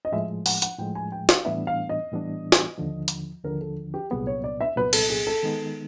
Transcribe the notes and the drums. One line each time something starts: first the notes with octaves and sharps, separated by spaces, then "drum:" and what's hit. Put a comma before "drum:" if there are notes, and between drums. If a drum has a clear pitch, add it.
D#5
A2 F3 G#3 E5
F#5, drum: open hi-hat
F#5, drum: hi-hat
A2 F3 G#3 G5
G#5
G5
F5, drum: snare
A2 E3 G3 B3 D4 E5
F5
D#5
A2 E3 G3 B3 D4
drum: snare
D#2 D3 F3
drum: hi-hat
D#2 D3 F3 A#4
A4
G4
C2 A#2 F#3 B3 G#4
C#5
D5
E5
C2 A#2 F#3 B3 B4
A4, drum: cymbal
G#4
A4
D#3 G#3 B3 D#4